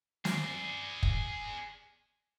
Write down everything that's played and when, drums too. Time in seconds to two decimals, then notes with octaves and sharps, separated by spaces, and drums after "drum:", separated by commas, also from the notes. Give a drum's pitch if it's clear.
0.25 G#4 D5, drum: snare
1.03 drum: kick